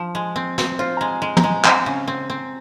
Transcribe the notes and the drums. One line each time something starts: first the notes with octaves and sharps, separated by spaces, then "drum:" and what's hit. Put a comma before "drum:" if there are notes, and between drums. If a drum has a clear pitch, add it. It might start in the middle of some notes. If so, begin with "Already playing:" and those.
Already playing: F3
G#3
C4
C4, drum: snare
F4 C5
G#3 A#5
G#5
G#3
A#5, drum: tom
G#3
C4 G#5, drum: clap
C#3
C4
C4